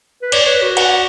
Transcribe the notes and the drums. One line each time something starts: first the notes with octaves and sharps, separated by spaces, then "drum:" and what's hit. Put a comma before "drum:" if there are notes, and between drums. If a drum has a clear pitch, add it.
B4
C#5 D5, drum: cymbal
B4
F#4
F#5, drum: cymbal